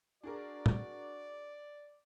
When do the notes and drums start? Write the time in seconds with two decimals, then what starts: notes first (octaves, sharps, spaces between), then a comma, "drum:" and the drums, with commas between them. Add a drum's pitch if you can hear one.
0.23 D4 F#4 G#4 A#4 D5
0.66 drum: tom